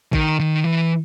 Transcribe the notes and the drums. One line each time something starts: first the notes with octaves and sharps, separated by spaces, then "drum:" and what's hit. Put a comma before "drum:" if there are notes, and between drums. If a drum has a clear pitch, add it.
D#3, drum: kick A1
D#3
E3